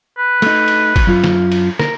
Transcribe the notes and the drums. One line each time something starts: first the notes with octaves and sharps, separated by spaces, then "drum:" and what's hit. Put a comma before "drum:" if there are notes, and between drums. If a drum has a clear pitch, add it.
B4
A3 D#4, drum: cymbal
drum: cymbal
drum: kick, cymbal
F#2 F4
drum: snare
drum: cymbal
A#4, drum: snare